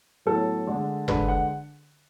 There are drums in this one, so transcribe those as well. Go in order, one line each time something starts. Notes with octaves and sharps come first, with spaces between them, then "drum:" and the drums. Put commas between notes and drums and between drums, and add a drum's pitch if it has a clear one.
A2 F#3 B3 E4 A4
D3 G#3 D4
D3 G#3 D4 B4, drum: tom G1
F#5